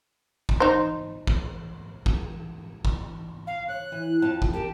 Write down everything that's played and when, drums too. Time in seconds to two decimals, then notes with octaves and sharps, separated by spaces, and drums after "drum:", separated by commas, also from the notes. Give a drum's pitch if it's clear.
0.49 drum: kick
0.60 D#4 C5
1.27 drum: kick
2.06 drum: kick
2.85 drum: kick
3.47 F5
3.68 C#5 F#6
3.92 E3
4.22 F2 F5 A5
4.42 drum: kick
4.53 G4 A#4 A5